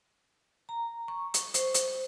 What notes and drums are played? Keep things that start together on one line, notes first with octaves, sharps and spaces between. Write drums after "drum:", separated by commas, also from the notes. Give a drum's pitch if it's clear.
A#5
C#6
drum: hi-hat
C5, drum: hi-hat
drum: hi-hat